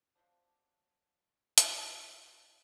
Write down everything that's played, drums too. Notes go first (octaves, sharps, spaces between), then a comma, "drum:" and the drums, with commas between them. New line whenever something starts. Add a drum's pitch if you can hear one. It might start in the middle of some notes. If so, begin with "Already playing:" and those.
F3 F#3 C4 D4
drum: hi-hat